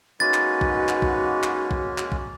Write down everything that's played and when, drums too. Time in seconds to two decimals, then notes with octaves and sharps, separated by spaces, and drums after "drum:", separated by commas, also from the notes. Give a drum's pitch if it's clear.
0.20 G#3 A#3 C#4 D#4 F#4 B4 A6
0.34 drum: clap
0.61 drum: kick
0.89 drum: clap
1.02 drum: kick
1.43 drum: clap
1.71 drum: kick
1.98 drum: clap
2.12 drum: kick